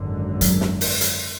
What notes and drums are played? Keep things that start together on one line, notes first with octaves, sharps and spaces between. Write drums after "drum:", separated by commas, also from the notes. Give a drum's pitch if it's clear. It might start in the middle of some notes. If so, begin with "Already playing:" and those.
Already playing: G#1 F#2 D3
F#3, drum: hi-hat
drum: snare
drum: open hi-hat
drum: hi-hat